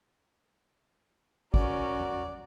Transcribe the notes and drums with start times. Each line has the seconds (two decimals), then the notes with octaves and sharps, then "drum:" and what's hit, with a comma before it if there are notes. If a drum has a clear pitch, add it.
1.54 C#4 F#4 A#4 D5, drum: kick
2.00 drum: tom E2